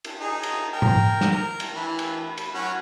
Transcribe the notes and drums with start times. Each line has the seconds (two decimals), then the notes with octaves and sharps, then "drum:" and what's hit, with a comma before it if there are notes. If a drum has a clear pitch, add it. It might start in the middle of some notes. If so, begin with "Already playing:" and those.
0.04 drum: cymbal
0.21 D#4 G#4
0.43 drum: cymbal
0.73 A#4 G5
0.82 drum: tom G#2
1.21 drum: snare
1.32 A#4
1.60 drum: cymbal
1.76 E3
1.99 drum: cymbal
2.38 B5, drum: cymbal
2.54 F#3 C#4 F#5